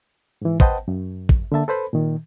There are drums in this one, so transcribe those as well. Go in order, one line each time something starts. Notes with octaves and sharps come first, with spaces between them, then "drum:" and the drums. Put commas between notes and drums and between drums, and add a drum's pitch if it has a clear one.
G#2 E3
B4 C5 D#5 F#5 G5 A5, drum: kick
F#2
drum: kick
D3 A#3 E5 A5
A4 B4 C5 B5
A#2 D#3